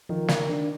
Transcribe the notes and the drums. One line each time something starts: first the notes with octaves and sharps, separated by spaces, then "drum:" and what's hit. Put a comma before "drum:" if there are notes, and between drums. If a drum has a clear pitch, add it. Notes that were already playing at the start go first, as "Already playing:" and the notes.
D#3 F3
A#4, drum: snare
D4